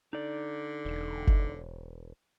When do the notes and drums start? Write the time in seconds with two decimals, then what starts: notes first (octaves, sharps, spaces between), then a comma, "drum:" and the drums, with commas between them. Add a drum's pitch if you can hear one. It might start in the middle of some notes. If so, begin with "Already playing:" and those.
0.13 D3 D#4 D5
0.85 E1
1.27 drum: kick F#1